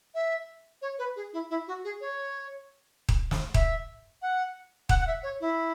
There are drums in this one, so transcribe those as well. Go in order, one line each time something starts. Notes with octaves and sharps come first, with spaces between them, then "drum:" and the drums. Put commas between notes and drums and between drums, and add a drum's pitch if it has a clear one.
E5
C#5
B4
G#4
E4
E4
F#4
G#4
C#5
drum: kick D#1
drum: snare
E5, drum: kick D#1
F#5
F#5, drum: kick D#1
F#5
E5
C#5
E4